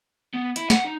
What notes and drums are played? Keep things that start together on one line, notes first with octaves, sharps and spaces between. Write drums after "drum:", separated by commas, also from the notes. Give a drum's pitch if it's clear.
B3
E4, drum: hi-hat
F#5, drum: snare
D#4